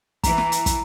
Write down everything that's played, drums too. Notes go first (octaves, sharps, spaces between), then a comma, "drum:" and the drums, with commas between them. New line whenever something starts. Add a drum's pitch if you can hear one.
E3 A#5, drum: kick, hi-hat
drum: snare
drum: hi-hat
drum: kick, hi-hat